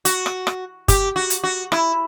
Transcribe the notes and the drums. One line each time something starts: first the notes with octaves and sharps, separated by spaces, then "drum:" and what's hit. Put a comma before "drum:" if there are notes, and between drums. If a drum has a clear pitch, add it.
F#4, drum: hi-hat
drum: rim click
drum: rim click
G4, drum: kick, hi-hat
F#4
drum: hi-hat
F#4
E4, drum: rim click